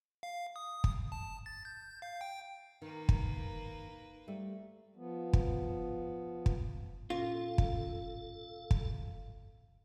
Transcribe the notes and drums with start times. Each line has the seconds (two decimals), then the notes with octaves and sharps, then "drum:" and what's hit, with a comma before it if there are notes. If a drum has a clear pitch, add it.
0.23 F5
0.56 D#6
0.84 drum: kick
1.12 A5
1.46 A6
1.65 G6
2.02 F5
2.21 G5
2.82 D#3 A#3 B4
3.09 drum: kick
4.28 G3 A3
4.96 F3 B3
5.33 drum: kick
6.46 drum: kick
7.10 A#2 C#4 F4 A4 F5
7.58 drum: kick
8.71 drum: kick